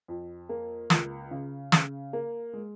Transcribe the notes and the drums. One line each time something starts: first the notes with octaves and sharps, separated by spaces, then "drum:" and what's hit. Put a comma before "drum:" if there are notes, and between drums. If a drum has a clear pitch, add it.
F2
A#3
C#2, drum: snare
C#3
C#3, drum: snare
A#3
G#3